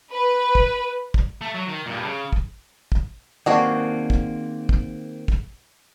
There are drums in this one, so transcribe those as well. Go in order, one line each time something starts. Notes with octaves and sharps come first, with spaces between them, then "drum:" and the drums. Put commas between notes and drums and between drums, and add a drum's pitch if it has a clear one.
B4
drum: kick
drum: kick
A3
F#3
D#3
G2 A#2
C#3
drum: kick
drum: kick
D#3 A#3 C4 D4 F#4 G#4
drum: kick
drum: kick
drum: kick